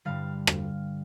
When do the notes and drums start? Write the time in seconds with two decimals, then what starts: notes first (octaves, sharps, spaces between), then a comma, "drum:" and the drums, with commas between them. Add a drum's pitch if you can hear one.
0.05 G2 D3 G3 F5
0.47 drum: rim click